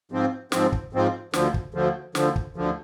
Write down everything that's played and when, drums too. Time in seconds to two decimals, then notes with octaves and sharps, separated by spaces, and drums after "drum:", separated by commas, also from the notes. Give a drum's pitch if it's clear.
0.12 G#2 F3 C4
0.52 G#2 F3 C4, drum: snare
0.72 drum: kick
0.93 G#2 F3 C4
1.33 D2 D3 F3, drum: snare
1.54 drum: kick
1.74 D2 D3 F3
2.15 D2 D3 F3, drum: snare
2.36 drum: kick
2.56 D2 D3 F3